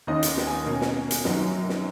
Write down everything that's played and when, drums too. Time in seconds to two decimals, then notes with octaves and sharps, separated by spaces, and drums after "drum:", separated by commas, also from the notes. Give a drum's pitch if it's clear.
0.07 D#2 D#3 A#3 C#4 D#5
0.23 drum: hi-hat
0.37 drum: snare
0.47 G#5
0.66 B2 A#3 C#4
0.81 drum: snare
1.11 drum: hi-hat
1.25 F#2 D#3 F#3, drum: snare
1.69 drum: snare